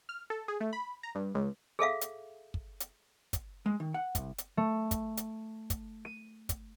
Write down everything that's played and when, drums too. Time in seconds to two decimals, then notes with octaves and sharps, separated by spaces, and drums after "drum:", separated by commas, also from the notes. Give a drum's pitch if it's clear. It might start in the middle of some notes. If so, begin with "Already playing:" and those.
0.09 F6
0.30 A4
0.48 G#4
0.60 A3
0.73 B5
1.03 A#5
1.15 G2
1.35 C#2
1.79 G#4 A4 E5 F5
2.01 drum: hi-hat
2.54 drum: kick
2.80 drum: hi-hat
3.33 drum: kick, hi-hat
3.66 G#3
3.80 D#3
3.94 F#5
4.15 C2, drum: kick, hi-hat
4.38 drum: hi-hat
4.57 A3
4.91 drum: kick, hi-hat
5.17 drum: hi-hat
5.70 drum: kick, hi-hat
6.05 D#7
6.49 drum: kick, hi-hat